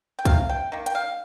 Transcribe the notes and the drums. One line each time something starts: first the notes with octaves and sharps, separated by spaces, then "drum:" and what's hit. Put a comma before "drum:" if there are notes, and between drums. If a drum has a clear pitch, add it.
G5
C3 F5, drum: kick, hi-hat
G5
D#3 A#3
G5, drum: hi-hat
F5